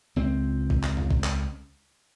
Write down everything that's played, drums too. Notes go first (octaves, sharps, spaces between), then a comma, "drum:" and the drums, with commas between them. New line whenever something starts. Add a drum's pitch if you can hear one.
C#2 C4
drum: kick
drum: clap
drum: tom E2
drum: kick
drum: clap